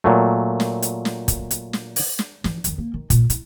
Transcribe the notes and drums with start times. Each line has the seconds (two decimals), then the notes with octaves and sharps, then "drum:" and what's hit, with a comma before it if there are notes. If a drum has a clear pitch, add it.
0.04 A#2 F#3 A3
0.60 drum: snare
0.82 drum: hi-hat
1.05 drum: snare
1.28 drum: kick, hi-hat
1.51 drum: hi-hat
1.73 drum: snare
1.96 drum: open hi-hat
2.19 drum: snare
2.44 E3, drum: snare
2.64 E2 D#3, drum: hi-hat
2.78 A#3
2.94 D#3
3.10 A#2 F4, drum: kick, hi-hat
3.30 E4, drum: hi-hat